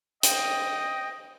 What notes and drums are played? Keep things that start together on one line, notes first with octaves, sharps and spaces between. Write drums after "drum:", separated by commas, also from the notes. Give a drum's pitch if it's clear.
D#5 G5, drum: hi-hat